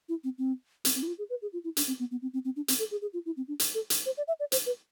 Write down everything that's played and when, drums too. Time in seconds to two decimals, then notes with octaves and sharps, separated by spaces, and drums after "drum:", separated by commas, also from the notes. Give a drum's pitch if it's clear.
0.09 E4
0.24 C4
0.38 C4
0.85 C4, drum: hi-hat
0.95 C4
1.03 E4
1.07 F4
1.18 G#4
1.30 B4
1.42 G#4
1.53 F4
1.64 E4
1.77 D4, drum: hi-hat
1.88 C4
2.00 B3
2.11 B3
2.22 C4
2.33 C4
2.45 C4
2.56 D4
2.68 C4, drum: hi-hat
2.79 A4
2.91 G#4
3.02 G#4
3.14 F4
3.26 E4
3.37 C4
3.48 D4
3.60 drum: hi-hat
3.75 A4
3.90 drum: hi-hat
4.06 C5
4.17 D5
4.28 E5
4.40 D5
4.52 C5, drum: hi-hat
4.66 B4